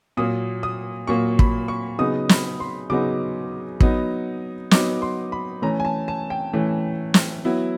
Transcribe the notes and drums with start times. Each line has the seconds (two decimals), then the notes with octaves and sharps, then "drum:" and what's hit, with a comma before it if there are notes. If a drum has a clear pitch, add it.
0.17 A#2 F#3 A#3 D#6
0.63 D#6
1.07 A#2 F#3 A#3 C#6
1.39 B5, drum: kick
1.68 C#6
1.99 C#3 F#3 B3 D#4 D#6
2.29 B5, drum: snare
2.60 C6
2.90 C#3 F#3 B3 D#4 D6
3.80 F#3 B3 D#4, drum: kick
4.71 F#3 B3 D#4 D6, drum: snare
5.02 C6
5.32 B5
5.62 E3 A3 C#4 A#5
5.80 G#5
5.85 A5
6.08 A5
6.30 G5
6.53 E3 A3 C#4
7.14 drum: snare
7.45 F#3 B3 E4